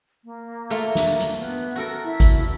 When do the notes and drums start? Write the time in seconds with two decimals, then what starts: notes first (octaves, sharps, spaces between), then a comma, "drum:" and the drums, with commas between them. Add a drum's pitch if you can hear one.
0.24 A#3
0.70 A3 F4, drum: hi-hat
0.95 drum: snare
1.20 drum: hi-hat
1.39 B3
1.76 F#4 A4 A#4
2.04 E4
2.20 drum: kick G#1, hi-hat